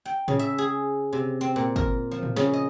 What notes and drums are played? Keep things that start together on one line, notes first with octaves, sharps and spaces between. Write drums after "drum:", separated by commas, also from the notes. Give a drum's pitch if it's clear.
G5
C#3, drum: tom A2
E5
G#4
C3
C4
A#2
A#4, drum: kick G1
F3
drum: tom A2
C#3, drum: snare
D#5